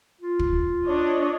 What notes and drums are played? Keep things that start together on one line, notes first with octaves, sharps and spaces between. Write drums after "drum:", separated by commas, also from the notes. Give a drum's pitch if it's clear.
F4
drum: kick
D4 C#5 D#5